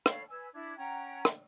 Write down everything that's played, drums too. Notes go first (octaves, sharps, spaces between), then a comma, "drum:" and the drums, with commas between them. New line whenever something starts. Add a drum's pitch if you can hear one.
A4 C#5 F5 B5, drum: rim click
B4 G#5 E6 G#6
D4 E4 G#6
C#4 F#5 G5 A#5
drum: rim click